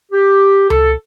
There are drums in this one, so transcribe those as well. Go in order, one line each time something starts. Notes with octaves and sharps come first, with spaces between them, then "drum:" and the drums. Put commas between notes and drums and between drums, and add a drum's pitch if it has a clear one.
G4
A4, drum: tom C#2